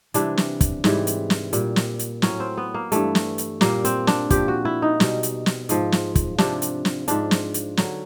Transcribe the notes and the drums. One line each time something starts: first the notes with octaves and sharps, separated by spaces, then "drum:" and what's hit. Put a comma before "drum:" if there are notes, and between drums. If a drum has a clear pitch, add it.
C3 E3 G3 D4, drum: hi-hat
drum: snare
drum: kick, hi-hat
G#2 E3 G3, drum: snare
drum: hi-hat
drum: snare
A#2 G3, drum: hi-hat
drum: snare
drum: hi-hat
A2 F#3 C#4, drum: snare
C4
B3
A#3
G2 E3 G3 A3, drum: hi-hat
drum: snare
drum: hi-hat
A#2 G3 A#3, drum: snare
C4, drum: hi-hat
D4, drum: snare
A#2 F3 G4, drum: kick, hi-hat
F#4
E4
D#4
B2 G3, drum: snare
drum: hi-hat
drum: snare
G#2 F3, drum: hi-hat
drum: snare
drum: kick, hi-hat
C3 F3 D4, drum: snare
drum: hi-hat
drum: snare
G#2 F3 D4, drum: hi-hat
drum: snare
drum: hi-hat
D3 F#3, drum: snare